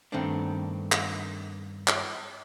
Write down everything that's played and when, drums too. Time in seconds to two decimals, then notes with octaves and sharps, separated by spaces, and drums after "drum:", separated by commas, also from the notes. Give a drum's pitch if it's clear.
0.12 G2 D#3 A3 B3 C4 D4
0.92 drum: clap
1.88 drum: clap